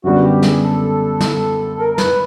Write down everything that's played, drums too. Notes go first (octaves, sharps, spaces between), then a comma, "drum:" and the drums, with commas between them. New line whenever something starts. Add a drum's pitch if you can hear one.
F#2 D3 G3 B3 F#4
G4
G#4, drum: snare
A4
drum: snare
A#4
A#4
B4, drum: snare